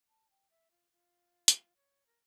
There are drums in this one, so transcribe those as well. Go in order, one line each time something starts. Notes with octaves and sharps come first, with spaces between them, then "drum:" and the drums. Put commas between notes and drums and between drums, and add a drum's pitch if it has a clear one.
A5
G5
E5
F4
F4
drum: hi-hat
C#5
A#4